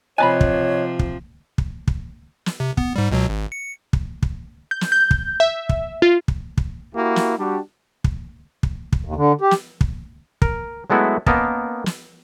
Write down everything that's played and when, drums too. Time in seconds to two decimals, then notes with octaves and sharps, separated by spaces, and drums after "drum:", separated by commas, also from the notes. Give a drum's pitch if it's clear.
0.18 C3 F3 C#5 D#5 G#5 A5 B5 F#6
0.41 drum: kick
0.99 drum: kick
1.58 drum: kick
1.87 drum: kick
2.46 drum: snare
2.60 C3
2.77 B3, drum: kick
2.96 G#2 G3
3.11 C#2 B2 F#3
3.29 G#1
3.52 C#7
3.93 drum: kick
4.22 drum: kick
4.71 G6
4.81 drum: snare
4.92 G6
5.11 drum: kick
5.40 E5
5.69 drum: kick
6.02 F4
6.28 drum: kick
6.57 drum: kick
6.95 A#3 E4 F#4 G4
7.16 drum: snare
7.39 G3 D4 F#4 G4
8.04 drum: kick
8.63 drum: kick
8.92 drum: kick
9.05 D#2
9.16 D3
9.41 G4
9.51 drum: snare
9.81 drum: kick
10.42 A#4, drum: kick
10.90 F#3 G#3 A3 B3 E4 F#4
11.26 A#3 B3 C#4 A#4 D#5 A5, drum: kick
11.86 drum: snare